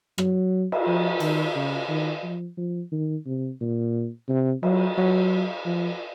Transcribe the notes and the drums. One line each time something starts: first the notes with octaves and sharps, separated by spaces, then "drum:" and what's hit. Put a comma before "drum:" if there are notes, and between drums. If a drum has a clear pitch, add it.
F#3, drum: rim click
drum: cymbal
F3
D#3, drum: cymbal
C#3
D#3
F3
F3
D#3
C3
A#2
C3
F#3, drum: cymbal
F#3
F3